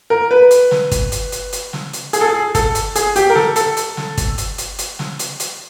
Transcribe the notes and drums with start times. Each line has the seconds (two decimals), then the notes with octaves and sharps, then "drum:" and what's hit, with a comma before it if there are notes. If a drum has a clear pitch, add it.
0.10 A#4
0.31 B4
0.51 drum: hi-hat
0.71 drum: snare
0.92 drum: kick, hi-hat
1.12 drum: hi-hat
1.32 drum: hi-hat
1.53 drum: hi-hat
1.73 drum: snare
1.93 drum: hi-hat
2.13 G#4, drum: hi-hat
2.21 A4
2.29 G#4
2.55 A4, drum: kick, hi-hat
2.75 drum: hi-hat
2.96 G#4, drum: hi-hat
3.16 G4, drum: hi-hat
3.30 A#4
3.35 A4, drum: snare
3.56 A4, drum: hi-hat
3.77 drum: hi-hat
3.97 drum: snare
4.18 drum: kick, hi-hat
4.38 drum: hi-hat
4.58 drum: hi-hat
4.79 drum: hi-hat
4.99 drum: snare
5.19 drum: hi-hat
5.40 drum: hi-hat